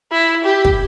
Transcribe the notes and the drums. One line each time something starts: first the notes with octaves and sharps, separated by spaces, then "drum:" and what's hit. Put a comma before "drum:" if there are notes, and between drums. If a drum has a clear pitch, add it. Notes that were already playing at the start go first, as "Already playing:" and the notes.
E4
G4
drum: kick